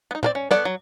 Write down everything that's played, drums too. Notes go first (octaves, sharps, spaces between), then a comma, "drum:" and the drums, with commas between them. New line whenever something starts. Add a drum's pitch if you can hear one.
B3 D#4
C4 A#4 D5, drum: tom
C#4
B3 A4 C#5 D5 F#5, drum: snare
F#3